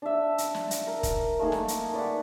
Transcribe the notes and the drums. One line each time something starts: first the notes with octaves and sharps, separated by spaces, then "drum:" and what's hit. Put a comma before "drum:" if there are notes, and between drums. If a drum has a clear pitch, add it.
D4 E5
drum: hi-hat
drum: snare
drum: hi-hat
A#4
drum: kick, hi-hat
A3 A#3 D#4 G#4
drum: snare
drum: hi-hat
B4 D5 F5 F#5